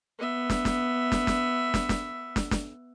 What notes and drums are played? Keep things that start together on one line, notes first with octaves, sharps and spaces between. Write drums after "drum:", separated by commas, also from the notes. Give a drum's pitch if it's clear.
B3 E5
drum: snare
drum: snare
drum: snare
drum: snare
drum: snare
drum: snare
drum: snare
drum: snare